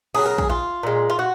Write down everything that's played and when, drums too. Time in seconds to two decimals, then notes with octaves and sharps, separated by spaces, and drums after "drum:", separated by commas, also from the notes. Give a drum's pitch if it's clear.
0.15 C#3 F#3 G#4, drum: cymbal
0.26 A#4
0.38 G#4, drum: kick
0.50 F4
0.83 A#2 G#3
1.10 F4
1.19 F#4